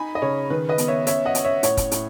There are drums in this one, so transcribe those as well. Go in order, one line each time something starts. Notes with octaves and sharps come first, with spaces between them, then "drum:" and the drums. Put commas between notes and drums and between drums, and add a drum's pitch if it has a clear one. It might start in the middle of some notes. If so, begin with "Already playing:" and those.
Already playing: D#4 G#5 B5
D#5
C#3 C#5
D#3 B4
B4 D#5
B3, drum: hi-hat
C#5 E5
C#4 C#5 E5, drum: hi-hat
D#5 F#5
C#4, drum: hi-hat
C#5 E5
A2 C#5, drum: hi-hat
drum: kick, hi-hat
A2, drum: hi-hat